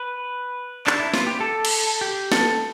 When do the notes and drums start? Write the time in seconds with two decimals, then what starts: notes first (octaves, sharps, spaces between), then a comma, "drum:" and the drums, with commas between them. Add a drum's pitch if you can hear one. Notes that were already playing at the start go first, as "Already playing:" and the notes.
Already playing: B4
0.87 D4, drum: clap
1.00 E4
1.14 F4, drum: snare
1.27 G4
1.40 A4
1.65 drum: cymbal
2.01 G4
2.32 A4, drum: snare